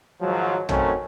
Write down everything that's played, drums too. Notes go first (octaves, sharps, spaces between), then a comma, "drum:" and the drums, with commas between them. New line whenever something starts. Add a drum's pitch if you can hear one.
G#2 D#3 F3 F#3
D#3 F#3 A3 C4 C#4, drum: tom